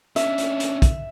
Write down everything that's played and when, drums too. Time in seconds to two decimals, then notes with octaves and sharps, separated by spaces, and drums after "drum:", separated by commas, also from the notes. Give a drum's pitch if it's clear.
0.16 C#4 D4 E5, drum: hi-hat
0.38 drum: hi-hat
0.60 drum: hi-hat
0.82 drum: kick, hi-hat